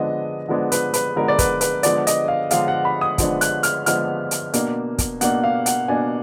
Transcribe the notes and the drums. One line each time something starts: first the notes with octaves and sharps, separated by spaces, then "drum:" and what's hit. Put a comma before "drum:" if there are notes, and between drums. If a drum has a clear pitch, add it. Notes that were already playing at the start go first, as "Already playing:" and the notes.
Already playing: D3 F3 G#3 B3 D4 D#5
D3 F3 G#3 B3 D4
B4, drum: hi-hat
B4, drum: hi-hat
D3 F3 G#3 B3 D4 A#4
D5
B4, drum: kick, hi-hat
B4, drum: hi-hat
D3 F3 G#3 B3 D4 D5, drum: hi-hat
D#5, drum: hi-hat
F5
D3 F3 G#3 B3 D4 F5, drum: hi-hat
F#5
B5
D#6
D3 F3 G#3 B3 D4, drum: kick, hi-hat
F#6, drum: hi-hat
F6, drum: hi-hat
D3 F3 G#3 B3 D4 F6, drum: hi-hat
drum: hi-hat
B2 A#3 D4, drum: hi-hat
drum: kick, hi-hat
B2 A#3 D4 F#5, drum: hi-hat
F5
F#5, drum: hi-hat
B2 A#3 D4 G#5